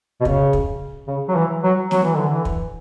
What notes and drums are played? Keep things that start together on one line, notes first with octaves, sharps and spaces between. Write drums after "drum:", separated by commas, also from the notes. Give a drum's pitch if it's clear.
B2
C#3, drum: kick
drum: kick
C#3
F#3
E3
F#3
F#3, drum: snare
E3
D3
E3
drum: kick